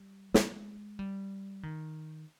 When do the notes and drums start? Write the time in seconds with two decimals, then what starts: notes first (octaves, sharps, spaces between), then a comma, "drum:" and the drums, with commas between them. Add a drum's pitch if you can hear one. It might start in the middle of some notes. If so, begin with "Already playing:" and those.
Already playing: G3
0.34 G#3, drum: snare
0.99 G3
1.63 D#3